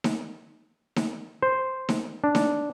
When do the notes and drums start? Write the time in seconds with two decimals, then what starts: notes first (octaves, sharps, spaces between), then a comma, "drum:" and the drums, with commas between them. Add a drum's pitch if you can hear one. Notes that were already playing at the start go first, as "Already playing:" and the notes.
0.04 drum: snare D#4
0.96 drum: snare D#4
1.42 C5
1.89 drum: snare D#4
2.24 D4
2.35 drum: snare D#4